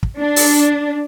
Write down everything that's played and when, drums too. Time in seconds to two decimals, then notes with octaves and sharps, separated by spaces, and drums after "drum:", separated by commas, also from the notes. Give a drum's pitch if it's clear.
0.03 drum: kick
0.18 D4
0.36 drum: open hi-hat